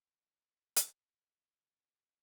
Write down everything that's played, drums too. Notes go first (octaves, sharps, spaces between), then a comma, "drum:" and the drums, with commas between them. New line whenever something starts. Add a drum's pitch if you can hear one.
E5 A5
drum: hi-hat